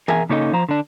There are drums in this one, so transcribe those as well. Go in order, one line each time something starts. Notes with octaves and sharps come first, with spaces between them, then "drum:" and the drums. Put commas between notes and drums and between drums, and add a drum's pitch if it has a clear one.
G#4 A#4 E5 G#5, drum: tom E3
C#3 A#3 C#4 D#4 A4 D#5
F3 C5 A#5
D3 D4